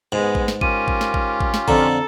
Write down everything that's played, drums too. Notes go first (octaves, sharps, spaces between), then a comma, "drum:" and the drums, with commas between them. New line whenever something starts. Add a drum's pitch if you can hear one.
G#2 G#3 B3
drum: kick
drum: snare
C#4 F4 G4 A#4 D#7, drum: kick
drum: kick
drum: snare
drum: kick
drum: kick
drum: snare
F2 D3 A4 A#5, drum: kick